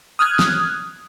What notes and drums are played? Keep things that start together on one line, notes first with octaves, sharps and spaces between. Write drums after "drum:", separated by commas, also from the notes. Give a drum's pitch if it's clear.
D#6 F6 F#6 G#6
drum: snare